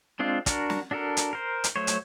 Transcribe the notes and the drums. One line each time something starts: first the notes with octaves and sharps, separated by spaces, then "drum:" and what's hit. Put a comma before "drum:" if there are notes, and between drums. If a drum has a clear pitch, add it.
G#3 C4 D4 F4
D4 F#4 A#4, drum: kick, hi-hat
drum: snare
D4 F#4 A4 A#4
drum: hi-hat
A#4 C5
drum: hi-hat
F#3 A3 C5 C#5
drum: hi-hat